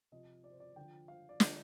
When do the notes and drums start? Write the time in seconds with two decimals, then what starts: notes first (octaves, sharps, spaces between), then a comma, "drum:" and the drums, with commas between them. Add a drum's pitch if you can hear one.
0.12 C3 F3 D#5
0.44 D5
0.52 C5
0.60 D5
0.76 D3 F3 G5
1.08 F5
1.29 D5
1.40 D3 F3 D#5, drum: snare